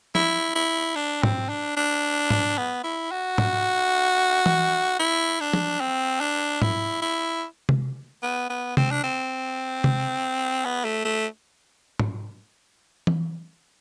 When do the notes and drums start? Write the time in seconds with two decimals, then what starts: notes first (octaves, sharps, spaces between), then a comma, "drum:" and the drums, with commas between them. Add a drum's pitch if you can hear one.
0.15 E4, drum: tom
0.55 E4
0.96 D4
1.23 C4, drum: tom
1.49 D4
1.77 D4
2.31 drum: tom
2.58 B3
2.84 E4
3.11 F#4
3.38 drum: tom
4.46 drum: tom E3
4.99 E4
5.41 D4
5.53 drum: tom
5.81 C4
6.21 D4
6.62 E4, drum: tom
7.02 E4
7.69 drum: tom C3
8.23 B3
8.50 B3
8.77 C4, drum: tom C3
8.91 D4
9.04 C4
9.84 drum: tom C3
10.65 B3
10.85 A3
11.05 A3
11.99 drum: tom
13.07 drum: tom E3